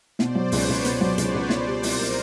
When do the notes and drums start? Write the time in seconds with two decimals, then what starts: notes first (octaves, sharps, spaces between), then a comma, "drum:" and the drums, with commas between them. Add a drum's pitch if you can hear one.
0.19 B2 C5 D5, drum: snare
0.35 F#3
0.52 C#2 B4 C#5, drum: open hi-hat
0.69 C#2
0.85 B2 C5 D5, drum: hi-hat
1.01 F#3
1.18 C#2 B4 C#5, drum: hi-hat
1.35 C#2
1.50 B2 C5 D5, drum: snare
1.67 G3
1.83 C2 A#4 C5, drum: open hi-hat
2.00 A#3